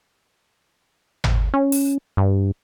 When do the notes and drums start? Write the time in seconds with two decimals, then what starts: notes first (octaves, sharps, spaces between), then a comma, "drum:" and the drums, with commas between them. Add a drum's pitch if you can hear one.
1.24 drum: tom G#1
1.54 C#4
1.72 drum: open hi-hat
2.17 G2